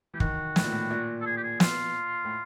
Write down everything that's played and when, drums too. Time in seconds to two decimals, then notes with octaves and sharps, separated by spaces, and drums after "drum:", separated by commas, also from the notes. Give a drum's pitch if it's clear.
0.14 E3 G4
0.20 D#3 F#4, drum: kick
0.56 A2, drum: snare
0.64 A#2
0.72 A2
0.90 A#2
1.21 A4
1.26 G#4
1.37 G4
1.43 G#4
1.60 F4, drum: snare
2.25 A2